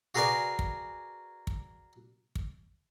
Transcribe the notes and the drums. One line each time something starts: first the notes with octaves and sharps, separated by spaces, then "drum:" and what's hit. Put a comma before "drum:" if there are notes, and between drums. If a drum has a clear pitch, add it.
F#4 G#4 A#4 B4 D5 G#5
drum: kick
drum: kick
drum: kick